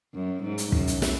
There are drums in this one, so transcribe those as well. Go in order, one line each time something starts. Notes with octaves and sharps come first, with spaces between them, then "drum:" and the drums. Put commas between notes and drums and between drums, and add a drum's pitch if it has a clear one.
F#2
G#2
drum: hi-hat
F#2, drum: kick
drum: hi-hat
drum: snare